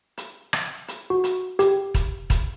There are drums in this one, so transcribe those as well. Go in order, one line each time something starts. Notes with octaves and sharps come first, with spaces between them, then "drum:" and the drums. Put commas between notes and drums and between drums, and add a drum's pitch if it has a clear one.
drum: hi-hat
drum: rim click
drum: hi-hat
F#4
drum: hi-hat
G4, drum: hi-hat
drum: kick, hi-hat
drum: kick, hi-hat